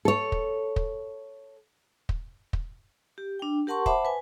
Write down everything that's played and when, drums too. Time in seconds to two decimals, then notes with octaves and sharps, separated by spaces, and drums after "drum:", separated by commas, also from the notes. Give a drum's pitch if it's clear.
0.05 A4 C#5
0.32 drum: kick
0.76 drum: kick
2.09 drum: kick
2.53 drum: kick
3.18 G4
3.39 D4 G5
3.67 G4 A#4 F#5 A5 C6 C#6
3.86 C5 E5 F#5 A5 B5 D6, drum: kick
4.05 B4 G#5